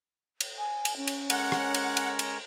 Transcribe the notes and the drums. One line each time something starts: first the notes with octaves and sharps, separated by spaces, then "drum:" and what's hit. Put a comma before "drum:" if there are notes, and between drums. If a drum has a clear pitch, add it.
drum: cymbal
G#5
drum: cymbal
C#4
drum: cymbal
G#3 A#4 C#5 F#5, drum: cymbal
drum: rim click
drum: cymbal
drum: cymbal
drum: cymbal